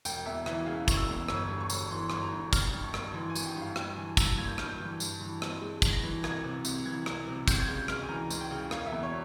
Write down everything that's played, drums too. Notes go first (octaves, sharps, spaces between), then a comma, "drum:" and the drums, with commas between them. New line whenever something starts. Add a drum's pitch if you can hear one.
E1 G5, drum: tambourine
E2 E5
E3 E5, drum: rim click
C#3 F5
E1 C#6, drum: kick, tambourine
E6
E2
G1 E6, drum: rim click
G2
C#6
G1, drum: tambourine
E3 C6
G1 C6, drum: rim click
A#5
G2
G#1 F6, drum: kick, tambourine
G2
C#6
G#1, drum: rim click
E3 C6
G#5
G#1, drum: tambourine
G5
G2
F5
G2 G5, drum: rim click
E3 G#5
G2 E6, drum: kick, tambourine
A#3 G#6
G6
G2 F6, drum: rim click
G6
E3
G2, drum: tambourine
E3
C4, drum: rim click
G#3
G2, drum: kick, tambourine
A#6
E3
C2 G#6, drum: rim click
C3
C2, drum: tambourine
E3 G#6
C2, drum: rim click
C3
C#2 G6, drum: kick, tambourine
G#6
C#3 G6
G#3 F6, drum: rim click
G#5
E3 A#5
C#2, drum: tambourine
G5
C#3
E1 F5, drum: rim click
E5
E2
C#5